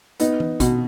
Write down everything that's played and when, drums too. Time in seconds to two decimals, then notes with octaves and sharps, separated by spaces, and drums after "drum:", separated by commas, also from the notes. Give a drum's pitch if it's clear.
0.20 B3 D#4, drum: hi-hat
0.40 drum: tom E3
0.60 B2, drum: kick, hi-hat